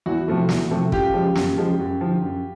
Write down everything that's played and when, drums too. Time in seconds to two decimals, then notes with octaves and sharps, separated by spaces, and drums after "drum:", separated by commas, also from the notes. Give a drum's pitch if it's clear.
0.06 E2 E4 F#4
0.28 C3 F3 A3
0.49 E2, drum: snare
0.70 C3 F3 A3
0.92 F#2 F4 G4, drum: kick
1.14 C#3 F3 G#3
1.35 F#2, drum: snare
1.57 C#3 F3 G#3
1.79 F#2
2.01 D3 F3
2.22 F#2